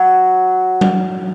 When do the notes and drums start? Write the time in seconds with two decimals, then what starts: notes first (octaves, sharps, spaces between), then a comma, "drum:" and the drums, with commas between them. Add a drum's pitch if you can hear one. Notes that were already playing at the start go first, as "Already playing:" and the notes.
Already playing: F#3
0.81 drum: tom F#3